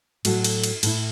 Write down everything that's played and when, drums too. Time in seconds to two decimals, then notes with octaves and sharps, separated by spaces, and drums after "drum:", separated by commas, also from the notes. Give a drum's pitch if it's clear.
0.25 A2 F#3 A3 F#4, drum: cymbal
0.44 drum: cymbal
0.63 drum: cymbal
0.83 A2 A3 E4, drum: cymbal